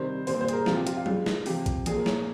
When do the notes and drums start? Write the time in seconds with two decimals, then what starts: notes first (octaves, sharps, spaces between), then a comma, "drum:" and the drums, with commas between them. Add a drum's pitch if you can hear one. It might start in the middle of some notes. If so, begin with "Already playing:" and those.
Already playing: C3 D#3 G3 C5
0.27 A#2 G3 C5, drum: open hi-hat
0.41 C5
0.48 G#4, drum: hi-hat
0.53 A#4
0.66 C3 F3 F4, drum: snare
0.76 G4
0.87 F4, drum: hi-hat
0.97 F4
1.06 C#3 G3, drum: tom F#3
1.26 drum: snare
1.46 C3 F3 G4, drum: open hi-hat
1.66 drum: kick A1, hi-hat
1.86 A#2 F3 G#4, drum: hi-hat
1.96 A#4
2.06 C#5, drum: snare